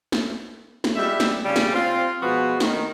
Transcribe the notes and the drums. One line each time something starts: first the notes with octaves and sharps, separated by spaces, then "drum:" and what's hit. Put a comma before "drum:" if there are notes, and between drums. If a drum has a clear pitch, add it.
drum: snare
drum: snare
G3 G#3 E4 F#4 E5
drum: snare
C#3 G3
drum: snare
C4 F4
B2 F3 G#3 B3 F4 F#4
D#3, drum: snare